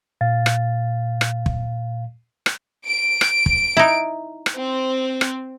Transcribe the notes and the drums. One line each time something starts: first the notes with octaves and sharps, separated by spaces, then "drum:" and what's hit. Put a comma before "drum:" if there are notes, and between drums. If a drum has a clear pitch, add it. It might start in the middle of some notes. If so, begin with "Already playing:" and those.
A#2 F5 A6
drum: rim click
drum: rim click
drum: kick
drum: rim click
D7
drum: rim click
drum: kick
D#4 E4
drum: rim click
C4
drum: rim click